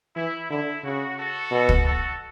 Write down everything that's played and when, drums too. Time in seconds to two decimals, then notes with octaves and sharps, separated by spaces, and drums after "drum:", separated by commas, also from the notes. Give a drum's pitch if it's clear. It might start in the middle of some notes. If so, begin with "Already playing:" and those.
0.16 E3 E4
0.50 D3 E4
0.84 C#3 F#4
1.18 F#4 A4
1.51 B2
1.69 drum: kick
1.86 F#4 A4